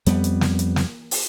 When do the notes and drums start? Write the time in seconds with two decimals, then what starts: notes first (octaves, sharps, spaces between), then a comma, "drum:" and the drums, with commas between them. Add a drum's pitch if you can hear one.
0.06 F2 G3 B3, drum: hi-hat
0.24 drum: hi-hat
0.41 drum: snare
0.59 drum: hi-hat
0.76 drum: snare
1.11 drum: open hi-hat